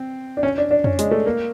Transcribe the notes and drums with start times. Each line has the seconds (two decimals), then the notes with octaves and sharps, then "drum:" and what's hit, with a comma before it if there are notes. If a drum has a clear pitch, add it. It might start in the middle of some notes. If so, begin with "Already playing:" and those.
Already playing: C4
0.37 D4
0.43 C#4
0.58 D4
0.71 D4
0.84 C#4, drum: tom F2
0.99 G#3, drum: hi-hat
1.11 A3
1.26 A#3